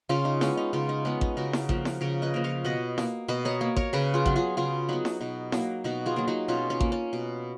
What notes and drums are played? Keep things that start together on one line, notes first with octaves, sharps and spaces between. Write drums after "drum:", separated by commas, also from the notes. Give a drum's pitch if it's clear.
C#3 C#4 F4
D#4
G#3 B3 C#4, drum: snare E4
D#4
C#3 C#4 F4
D#4
G#3 B3 C#4
D#4, drum: kick A1
C#3 F#4 A#4
drum: snare E4
F3 A#3, drum: kick A1
drum: snare E4
C#3 A#4 C#5
B4 D#5
F3 A#3
C#5 F5
B2 D#5 F#5
A#3, drum: snare E4
B2 B4 D#5
A#4 C#5
A#3
A#4 C#5, drum: kick A1
C#3 G#4 B4
F4 G#4
F#3 B3, drum: kick A1
F4 G#4
C#3 F4 G#4
F#3 B3 D#4 F#4
drum: snare E4
B2 D#4
F#3 A#3, drum: snare E4
B2 D#4 F#4
F4 G#4
F#3 A#3
D#4 F#4
B2 C#4 F4
C#4
A#3, drum: kick A1
C#4
B2